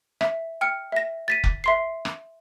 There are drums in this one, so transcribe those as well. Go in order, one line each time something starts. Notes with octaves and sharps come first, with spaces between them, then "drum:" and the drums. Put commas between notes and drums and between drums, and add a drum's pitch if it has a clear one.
E5, drum: rim click
G5 F6 C#7
E5 A#6
A6 B6 D#7
drum: kick F1
E5 C6 C7
drum: rim click